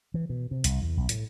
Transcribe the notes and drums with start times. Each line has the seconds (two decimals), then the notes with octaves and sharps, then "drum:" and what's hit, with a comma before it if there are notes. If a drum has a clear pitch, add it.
0.14 E3
0.29 B2
0.51 C3
0.64 C2, drum: hi-hat
0.82 E2
0.97 B1
1.09 A2, drum: hi-hat